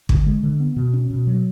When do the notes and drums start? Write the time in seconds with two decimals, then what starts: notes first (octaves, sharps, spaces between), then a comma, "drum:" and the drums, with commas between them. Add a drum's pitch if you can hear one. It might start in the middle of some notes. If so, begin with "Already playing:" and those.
0.09 D3, drum: kick
0.26 G#3
0.43 D3
0.60 B3
0.76 B2
0.94 C#4
1.11 B2
1.27 F#3